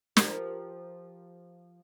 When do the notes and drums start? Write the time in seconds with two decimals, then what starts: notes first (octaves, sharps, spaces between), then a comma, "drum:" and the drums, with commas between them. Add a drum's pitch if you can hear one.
0.17 F3 G4 A#4, drum: snare